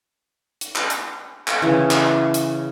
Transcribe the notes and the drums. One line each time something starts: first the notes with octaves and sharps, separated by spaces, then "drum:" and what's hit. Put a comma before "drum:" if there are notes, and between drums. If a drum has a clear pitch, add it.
drum: hi-hat
drum: clap
drum: hi-hat
drum: clap
C#3 E3
drum: clap
drum: hi-hat